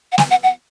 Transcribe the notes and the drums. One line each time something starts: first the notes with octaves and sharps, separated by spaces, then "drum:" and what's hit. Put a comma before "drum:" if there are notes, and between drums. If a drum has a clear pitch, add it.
F#5
G#5, drum: snare
F#5
F#5